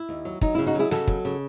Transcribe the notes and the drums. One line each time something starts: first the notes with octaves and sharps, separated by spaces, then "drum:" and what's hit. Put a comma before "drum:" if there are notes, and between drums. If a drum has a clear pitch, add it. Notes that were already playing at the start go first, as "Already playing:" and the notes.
Already playing: E4
D#2
F#3
F#3 D#4, drum: kick
C#3 E4
D#4 F#4
F#3 E4 G#4
C#3 F#4 A4, drum: snare
F#3, drum: kick
C#3